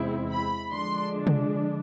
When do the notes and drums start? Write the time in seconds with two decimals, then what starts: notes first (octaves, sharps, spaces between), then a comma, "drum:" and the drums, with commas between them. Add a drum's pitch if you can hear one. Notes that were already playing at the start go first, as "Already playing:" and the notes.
Already playing: E2 C3 G#3 C4 E4
0.31 B5
0.71 D3 F3 G#3 D4 C6
1.27 drum: tom C3